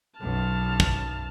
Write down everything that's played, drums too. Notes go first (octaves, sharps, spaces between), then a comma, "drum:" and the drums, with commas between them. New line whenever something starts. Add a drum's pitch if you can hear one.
B1 F#2 A5 F6
drum: kick